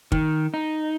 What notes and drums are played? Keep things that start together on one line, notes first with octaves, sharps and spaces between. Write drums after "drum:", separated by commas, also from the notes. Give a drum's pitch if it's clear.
D#3, drum: kick
D#4